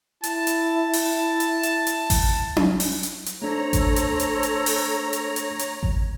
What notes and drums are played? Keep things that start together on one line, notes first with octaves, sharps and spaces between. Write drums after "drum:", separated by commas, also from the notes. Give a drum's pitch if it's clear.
E4 A5, drum: hi-hat
drum: hi-hat
drum: open hi-hat
drum: hi-hat
drum: hi-hat
drum: hi-hat
drum: kick G#1, open hi-hat
drum: tom C#4
drum: open hi-hat
drum: hi-hat
drum: hi-hat
A3 D4 A4 C5 C#5 A#5
drum: kick G#1, hi-hat
drum: hi-hat
drum: hi-hat
drum: hi-hat
drum: open hi-hat
drum: hi-hat
drum: hi-hat
drum: hi-hat
drum: kick G#1